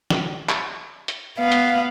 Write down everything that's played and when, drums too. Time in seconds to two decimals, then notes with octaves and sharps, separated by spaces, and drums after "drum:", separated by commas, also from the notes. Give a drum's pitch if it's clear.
0.10 drum: snare
0.49 drum: clap
1.08 drum: hi-hat
1.39 B3 F5
1.52 drum: hi-hat